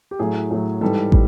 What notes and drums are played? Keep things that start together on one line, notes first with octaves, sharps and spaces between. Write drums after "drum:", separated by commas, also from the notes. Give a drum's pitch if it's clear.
G4
A2 F#3 G#4
A2 F#3
G#2 E3 G3 A4
G3, drum: kick